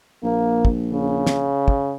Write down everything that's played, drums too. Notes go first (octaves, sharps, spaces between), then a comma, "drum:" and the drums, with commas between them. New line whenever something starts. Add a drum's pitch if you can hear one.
A#1 A#3
drum: kick
C#3
drum: snare
drum: kick